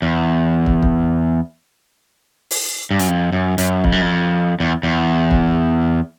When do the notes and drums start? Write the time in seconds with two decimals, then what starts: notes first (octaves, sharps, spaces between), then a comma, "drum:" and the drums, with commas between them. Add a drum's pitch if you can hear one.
0.02 E2
0.66 drum: kick
0.83 drum: kick
2.51 drum: open hi-hat
2.91 G2
2.99 F#2, drum: hi-hat
3.08 F2
3.32 F#2
3.58 F#2, drum: hi-hat
3.84 F2, drum: kick
3.92 F#2
4.01 F2
4.60 E2
4.83 E2
5.31 drum: kick